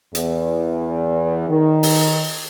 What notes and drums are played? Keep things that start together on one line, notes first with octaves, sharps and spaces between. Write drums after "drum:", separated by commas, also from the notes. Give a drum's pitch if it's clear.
E2, drum: hi-hat
D#3
drum: open hi-hat